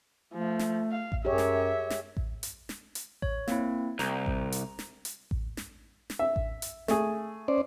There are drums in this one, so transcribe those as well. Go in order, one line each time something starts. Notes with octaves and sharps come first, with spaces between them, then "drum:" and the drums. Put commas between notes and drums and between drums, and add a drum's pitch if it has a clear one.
F3 A3
drum: snare
F5
drum: kick A1
F#2 G4 G#4 C#5 E5
drum: snare
drum: snare
drum: kick A1
drum: hi-hat
drum: snare
drum: hi-hat
C#5, drum: kick A1
A#3 C4 E4, drum: snare
C2 A#5, drum: snare
drum: kick A1
drum: hi-hat
drum: snare
drum: hi-hat
drum: kick A1
drum: snare
drum: snare
E5
drum: kick A1
drum: hi-hat
A3 G#4, drum: snare
C#4 C5 D5